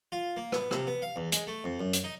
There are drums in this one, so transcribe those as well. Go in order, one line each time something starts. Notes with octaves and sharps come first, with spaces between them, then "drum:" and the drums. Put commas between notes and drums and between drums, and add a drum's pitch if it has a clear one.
F4
A#3
B3, drum: rim click
C3, drum: rim click
B3
F5
E2
G#3, drum: hi-hat
A3
F2
F#2
drum: hi-hat
D#4